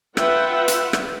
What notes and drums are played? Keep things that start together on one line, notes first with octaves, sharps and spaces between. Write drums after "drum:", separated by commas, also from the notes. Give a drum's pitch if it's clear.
F4 B4 E5 F#5 G5, drum: rim click
drum: hi-hat
drum: rim click